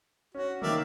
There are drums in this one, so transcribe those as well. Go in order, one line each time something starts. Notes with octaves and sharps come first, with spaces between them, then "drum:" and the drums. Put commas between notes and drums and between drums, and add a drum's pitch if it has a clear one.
C#4 F#4
D#3 A#3 D5 E5 F5, drum: tom